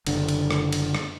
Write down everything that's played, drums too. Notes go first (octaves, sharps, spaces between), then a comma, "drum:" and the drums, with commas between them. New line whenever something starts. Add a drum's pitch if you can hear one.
F#1 D3, drum: cymbal
drum: cymbal
drum: rim click
drum: cymbal
drum: rim click